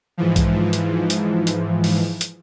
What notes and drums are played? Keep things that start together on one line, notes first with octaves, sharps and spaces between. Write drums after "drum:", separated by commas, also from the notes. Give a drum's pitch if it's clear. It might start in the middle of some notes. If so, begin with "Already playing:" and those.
G#2 E3 F3
drum: kick B1, hi-hat
drum: hi-hat
drum: hi-hat
drum: hi-hat
drum: open hi-hat
drum: hi-hat